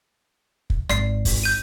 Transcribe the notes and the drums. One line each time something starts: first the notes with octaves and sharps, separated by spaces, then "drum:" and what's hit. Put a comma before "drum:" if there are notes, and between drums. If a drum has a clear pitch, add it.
drum: kick
G#1 D5 C7, drum: rim click
drum: kick, open hi-hat
G6 D#7